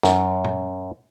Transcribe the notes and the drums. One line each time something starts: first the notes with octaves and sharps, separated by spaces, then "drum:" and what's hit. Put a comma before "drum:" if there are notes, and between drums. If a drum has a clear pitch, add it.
F#2, drum: snare
drum: tom